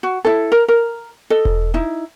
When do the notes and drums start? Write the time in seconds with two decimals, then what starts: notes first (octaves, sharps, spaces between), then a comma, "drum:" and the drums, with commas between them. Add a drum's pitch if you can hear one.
0.03 F#4
0.25 E4 A4
0.52 A#4
0.68 A#4
1.30 A4 D#5
1.45 drum: kick E1
1.74 D#4 E4